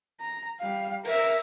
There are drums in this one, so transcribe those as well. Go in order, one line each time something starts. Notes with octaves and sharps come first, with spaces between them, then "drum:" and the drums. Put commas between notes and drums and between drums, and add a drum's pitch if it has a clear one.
A#5
G3 F5
A#4 E5, drum: open hi-hat